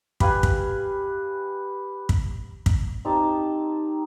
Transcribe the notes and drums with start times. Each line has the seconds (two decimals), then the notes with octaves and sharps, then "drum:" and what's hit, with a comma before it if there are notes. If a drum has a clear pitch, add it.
0.20 G4 B4 F5 G#5, drum: kick
0.43 drum: kick
2.09 drum: kick
2.66 drum: kick
3.05 C4 D#4 G4 A5